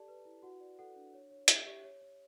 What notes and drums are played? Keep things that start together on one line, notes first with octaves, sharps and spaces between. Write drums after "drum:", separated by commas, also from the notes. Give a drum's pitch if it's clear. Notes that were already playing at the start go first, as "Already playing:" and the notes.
Already playing: G4 A4 D5 A5
B4
E4
F#4 F#5
D5
A4 F#5
D4
C#5
C#5
G4 E5, drum: hi-hat
G4
C#5
C#5